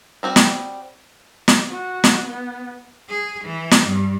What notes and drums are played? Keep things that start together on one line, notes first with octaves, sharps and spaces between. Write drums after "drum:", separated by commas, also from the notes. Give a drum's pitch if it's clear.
G3 C4 F#4
drum: snare
drum: snare
F#4
drum: snare
B3
G#4
E3
drum: snare
G2